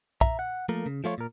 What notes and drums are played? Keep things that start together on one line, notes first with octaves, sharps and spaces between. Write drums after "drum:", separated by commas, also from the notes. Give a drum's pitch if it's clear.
E5 A#5, drum: kick
F#5
F3 A3 A#3 A#4
C#3
F3 A3 F4 C#5
A#2 A#4